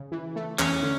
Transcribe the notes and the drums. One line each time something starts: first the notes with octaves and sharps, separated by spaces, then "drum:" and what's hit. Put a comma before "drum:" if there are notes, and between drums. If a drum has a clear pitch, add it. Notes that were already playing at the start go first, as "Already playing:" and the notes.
Already playing: C#3
E3
A3
E2 C#4, drum: clap
D3